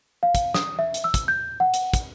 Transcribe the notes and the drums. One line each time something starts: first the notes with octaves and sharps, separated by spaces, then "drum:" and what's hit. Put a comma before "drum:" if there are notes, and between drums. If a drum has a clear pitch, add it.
F5
drum: kick, hi-hat
D#6, drum: snare
E5
drum: hi-hat
E6
drum: kick, hi-hat
G6
F#5
drum: hi-hat
drum: kick, hi-hat